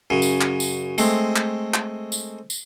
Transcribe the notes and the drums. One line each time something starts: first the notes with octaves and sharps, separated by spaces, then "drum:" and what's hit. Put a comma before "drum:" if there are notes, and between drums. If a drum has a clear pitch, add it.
F#2 C#3
drum: tambourine
drum: clap
drum: tambourine
G#3 A3 C4, drum: tambourine
drum: clap
drum: clap
drum: tambourine
drum: tambourine